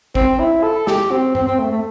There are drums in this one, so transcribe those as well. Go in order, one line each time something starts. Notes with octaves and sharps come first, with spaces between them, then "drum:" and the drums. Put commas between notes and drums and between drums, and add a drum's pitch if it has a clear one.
C4, drum: kick G#1
E4
A4
G4, drum: snare
C4
C4, drum: tom G2
C4
A3
A3